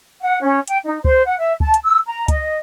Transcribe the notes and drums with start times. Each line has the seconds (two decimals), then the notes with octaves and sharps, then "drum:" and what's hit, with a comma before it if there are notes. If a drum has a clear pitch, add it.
0.21 F#5
0.42 C#4
0.67 G5, drum: hi-hat
0.84 D#4
1.05 C5, drum: kick C#2
1.25 F#5
1.39 E5
1.60 A5, drum: kick C#2
1.74 drum: hi-hat
1.84 E6
2.06 A#5
2.28 D#5, drum: kick C#2, hi-hat